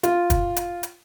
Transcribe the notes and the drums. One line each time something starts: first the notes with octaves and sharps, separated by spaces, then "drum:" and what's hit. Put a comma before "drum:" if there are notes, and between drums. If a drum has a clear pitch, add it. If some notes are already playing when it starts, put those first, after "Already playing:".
F4, drum: hi-hat
drum: kick, hi-hat
drum: hi-hat
drum: hi-hat